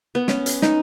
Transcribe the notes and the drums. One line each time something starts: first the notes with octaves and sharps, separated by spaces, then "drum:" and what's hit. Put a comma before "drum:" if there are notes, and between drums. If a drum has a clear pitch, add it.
B3
C#4, drum: snare
drum: hi-hat
D#4, drum: snare